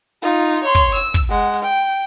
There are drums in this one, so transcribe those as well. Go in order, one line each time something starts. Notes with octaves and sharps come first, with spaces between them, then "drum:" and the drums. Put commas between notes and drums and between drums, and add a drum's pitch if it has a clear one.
D#4 F4
drum: hi-hat
C#5 C6
drum: kick, hi-hat
E6
drum: kick, hi-hat
G#3 F#5
drum: hi-hat
G5